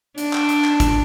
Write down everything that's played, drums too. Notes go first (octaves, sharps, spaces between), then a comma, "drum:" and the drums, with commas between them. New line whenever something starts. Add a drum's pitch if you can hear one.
D4, drum: hi-hat
drum: clap
drum: hi-hat
drum: clap
drum: kick, hi-hat